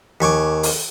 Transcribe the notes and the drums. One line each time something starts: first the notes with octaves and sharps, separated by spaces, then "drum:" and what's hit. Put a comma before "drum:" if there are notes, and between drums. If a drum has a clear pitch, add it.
D#2 G#5 C#6 D6
drum: open hi-hat